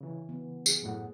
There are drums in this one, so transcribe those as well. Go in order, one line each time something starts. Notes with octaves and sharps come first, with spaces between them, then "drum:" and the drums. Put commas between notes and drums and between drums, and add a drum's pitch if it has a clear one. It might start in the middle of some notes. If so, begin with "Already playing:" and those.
C#3 E3
B3
G#4, drum: tambourine
F#2 A2 F#5